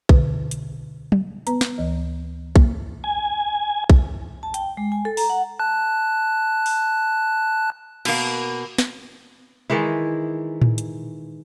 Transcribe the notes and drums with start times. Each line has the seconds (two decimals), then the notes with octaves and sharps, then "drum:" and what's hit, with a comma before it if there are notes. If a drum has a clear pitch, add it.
0.09 B2 D3 B4, drum: kick B1
0.51 drum: hi-hat
1.12 drum: tom
1.47 B3 B4 A#5, drum: hi-hat
1.61 drum: snare
1.78 D2 E3 D#5
2.56 A#3, drum: kick B1
3.04 G#5
3.90 drum: kick B1
4.43 A5
4.54 G5, drum: hi-hat
4.77 G#3
4.92 G#5
5.05 A4
5.17 A#5, drum: open hi-hat
5.30 F#5
5.59 A5 F#6
6.66 drum: open hi-hat
8.05 B2 A#3, drum: cymbal
8.78 drum: snare
9.70 D#3 E3 G#3 E4
10.61 drum: tom A2
10.78 drum: hi-hat